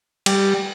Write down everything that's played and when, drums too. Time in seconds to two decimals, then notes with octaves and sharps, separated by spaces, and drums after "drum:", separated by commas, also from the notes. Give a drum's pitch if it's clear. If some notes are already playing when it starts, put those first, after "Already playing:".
0.26 G3, drum: cymbal